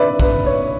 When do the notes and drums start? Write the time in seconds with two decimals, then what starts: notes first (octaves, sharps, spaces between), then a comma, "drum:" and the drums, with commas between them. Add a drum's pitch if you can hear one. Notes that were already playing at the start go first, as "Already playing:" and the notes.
Already playing: B4 D5 E5
0.20 B4, drum: kick
0.46 C#5